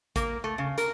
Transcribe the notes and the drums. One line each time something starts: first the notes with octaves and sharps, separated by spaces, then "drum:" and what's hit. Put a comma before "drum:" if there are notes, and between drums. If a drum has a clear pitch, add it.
A#3, drum: kick, hi-hat
A3
C#3
A#4, drum: hi-hat